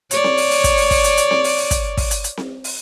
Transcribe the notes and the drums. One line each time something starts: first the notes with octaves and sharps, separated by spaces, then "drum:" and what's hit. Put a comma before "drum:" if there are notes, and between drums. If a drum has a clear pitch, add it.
C#5 D5, drum: hi-hat
drum: snare C4
drum: open hi-hat
drum: open hi-hat
drum: kick, hi-hat
drum: open hi-hat
drum: kick, open hi-hat
drum: hi-hat
drum: hi-hat
drum: snare C4
drum: open hi-hat
drum: open hi-hat
drum: kick, hi-hat
drum: kick, open hi-hat
drum: hi-hat
drum: hi-hat
drum: snare C4
drum: open hi-hat